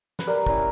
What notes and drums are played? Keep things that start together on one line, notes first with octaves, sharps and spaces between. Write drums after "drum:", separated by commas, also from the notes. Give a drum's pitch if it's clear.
B4, drum: snare
G3 A#4
C#4 E4, drum: kick